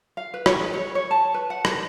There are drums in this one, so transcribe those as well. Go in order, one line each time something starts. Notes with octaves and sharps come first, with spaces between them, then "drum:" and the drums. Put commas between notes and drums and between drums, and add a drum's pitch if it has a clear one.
F5
B4
C#5, drum: rim click
G#4
C#5
C#5
A5
B4
F#5
B4, drum: rim click